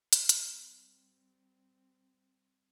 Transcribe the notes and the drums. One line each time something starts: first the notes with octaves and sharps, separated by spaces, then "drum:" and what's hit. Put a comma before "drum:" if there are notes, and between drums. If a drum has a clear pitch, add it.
drum: hi-hat
G3 C4, drum: hi-hat